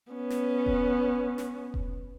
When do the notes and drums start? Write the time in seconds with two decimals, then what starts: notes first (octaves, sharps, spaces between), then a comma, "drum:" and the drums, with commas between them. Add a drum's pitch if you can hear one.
0.12 B3 C#4
0.30 drum: snare
0.66 drum: kick E1
1.38 drum: snare
1.74 drum: kick E1